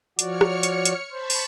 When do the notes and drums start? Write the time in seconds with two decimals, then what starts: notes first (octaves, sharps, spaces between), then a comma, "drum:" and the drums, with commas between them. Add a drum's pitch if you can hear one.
0.19 F3 F#4 C#5 D5 F6 C#7, drum: hi-hat
0.41 drum: rim click
0.63 drum: hi-hat
0.85 drum: hi-hat
1.12 C5 A5 B5 C#6
1.30 drum: open hi-hat